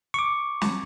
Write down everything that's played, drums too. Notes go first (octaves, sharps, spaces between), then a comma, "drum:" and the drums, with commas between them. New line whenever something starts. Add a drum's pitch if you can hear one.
C#6 D6
drum: snare